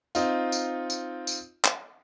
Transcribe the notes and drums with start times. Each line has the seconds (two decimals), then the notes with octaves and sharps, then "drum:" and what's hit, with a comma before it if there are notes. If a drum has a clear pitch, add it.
0.15 C4 D#4 F4, drum: tambourine
0.52 drum: tambourine
0.90 drum: tambourine
1.27 drum: tambourine
1.65 drum: clap